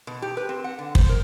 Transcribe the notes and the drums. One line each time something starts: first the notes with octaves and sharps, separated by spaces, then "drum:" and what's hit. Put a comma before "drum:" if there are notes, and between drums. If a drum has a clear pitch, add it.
B2
G4
B4
C4
F#5
D3
C5, drum: kick
A#4